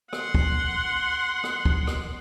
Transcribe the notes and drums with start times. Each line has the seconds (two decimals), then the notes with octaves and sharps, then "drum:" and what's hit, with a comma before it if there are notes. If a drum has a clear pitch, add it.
0.13 F#5 C6, drum: rim click
0.35 drum: kick
1.44 drum: rim click
1.65 drum: kick
1.87 drum: rim click